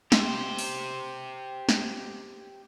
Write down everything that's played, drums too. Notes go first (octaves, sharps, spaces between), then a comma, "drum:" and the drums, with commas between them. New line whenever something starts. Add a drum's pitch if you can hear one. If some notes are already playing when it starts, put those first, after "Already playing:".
G4 C5, drum: snare
drum: open hi-hat
drum: snare